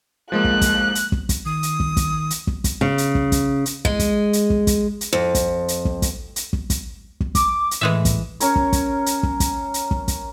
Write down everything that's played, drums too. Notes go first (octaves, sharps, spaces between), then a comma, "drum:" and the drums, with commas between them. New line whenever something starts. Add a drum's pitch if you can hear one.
F3 G#3 A#3 F#6
drum: kick
drum: kick, hi-hat
drum: hi-hat
drum: kick
drum: kick, hi-hat
D#3 D#6
drum: hi-hat
drum: kick
drum: kick, hi-hat
drum: hi-hat
drum: kick
drum: kick, hi-hat
C#3
drum: hi-hat
drum: kick
drum: kick, hi-hat
drum: hi-hat
G#3, drum: kick
drum: kick, hi-hat
drum: hi-hat
drum: kick
drum: kick, hi-hat
drum: hi-hat
F2
drum: kick, hi-hat
drum: hi-hat
drum: kick
drum: kick, hi-hat
drum: hi-hat
drum: kick
drum: kick, hi-hat
drum: kick
D6, drum: kick, hi-hat
drum: hi-hat
A2 E3 G#3 E5
drum: kick, hi-hat
C#4 A#4 C#5, drum: hi-hat
drum: kick
drum: kick, hi-hat
drum: hi-hat
drum: kick
drum: kick, hi-hat
drum: hi-hat
drum: kick
drum: kick, hi-hat